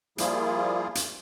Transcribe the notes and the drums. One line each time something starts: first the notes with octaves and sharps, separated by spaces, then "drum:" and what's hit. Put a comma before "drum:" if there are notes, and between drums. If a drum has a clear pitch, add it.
F3 G3 A#3 E4 F4 G#4, drum: hi-hat
drum: hi-hat